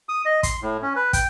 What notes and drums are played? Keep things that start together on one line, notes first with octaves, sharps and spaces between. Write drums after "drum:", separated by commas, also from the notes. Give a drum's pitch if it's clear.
D#6
D#5
C6, drum: kick, hi-hat
A2
C#4
B4
G5, drum: kick, hi-hat